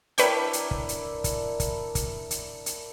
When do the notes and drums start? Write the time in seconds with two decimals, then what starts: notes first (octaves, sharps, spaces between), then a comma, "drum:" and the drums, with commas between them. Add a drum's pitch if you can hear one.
0.18 D4 E4 A#4 B4 C#5 G5, drum: hi-hat
0.53 drum: hi-hat
0.71 drum: kick
0.89 drum: hi-hat
1.24 drum: kick, hi-hat
1.60 drum: kick, hi-hat
1.95 drum: kick, hi-hat
2.31 drum: hi-hat
2.66 drum: hi-hat